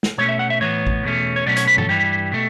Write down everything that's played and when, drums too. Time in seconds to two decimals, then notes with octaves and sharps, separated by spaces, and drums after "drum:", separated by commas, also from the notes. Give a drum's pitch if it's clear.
0.03 drum: snare
0.18 B2 A3 C#4 C#5
0.29 E5
0.39 F#5
0.50 E5
0.61 A2 E3 B3 C#5
0.87 drum: kick A1
1.03 E2 B2 A3 C#4
1.36 C#5
1.46 B2 F#3 A3 C#4 D5
1.56 C#5, drum: hi-hat
1.67 B4
1.78 A4, drum: tom G2
1.89 G2 E3 G3 G4
2.32 B2 A3